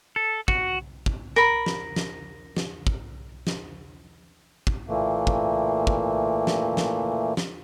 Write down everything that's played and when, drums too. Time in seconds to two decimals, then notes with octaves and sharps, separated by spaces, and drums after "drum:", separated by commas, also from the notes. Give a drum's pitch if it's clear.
0.16 A4
0.48 F#4, drum: kick
1.06 drum: kick
1.36 A#4 B5
1.66 drum: snare
1.96 drum: snare
2.57 drum: snare
2.87 drum: kick
3.47 drum: snare
4.67 drum: kick
4.88 A#2 E3 A3 A#3
5.27 drum: kick
5.87 drum: kick
6.47 drum: snare
6.77 drum: snare
7.37 drum: snare